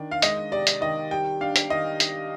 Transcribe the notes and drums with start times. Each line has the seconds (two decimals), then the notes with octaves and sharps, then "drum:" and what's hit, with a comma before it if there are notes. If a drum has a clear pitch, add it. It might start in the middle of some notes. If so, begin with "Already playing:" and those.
Already playing: D#3 D4
0.11 F5
0.22 G#3 D#5, drum: hi-hat
0.52 C3 D5
0.67 drum: hi-hat
0.81 D#3 D#5
1.11 G3 G5
1.41 D4 F5
1.56 drum: hi-hat
1.70 D#3 D#5
2.00 drum: hi-hat